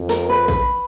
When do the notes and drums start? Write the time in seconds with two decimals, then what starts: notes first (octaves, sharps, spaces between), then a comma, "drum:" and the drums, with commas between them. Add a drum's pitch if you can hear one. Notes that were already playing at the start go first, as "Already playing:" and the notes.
Already playing: F2
0.09 A#4, drum: snare
0.29 B4
0.48 B4, drum: kick, tambourine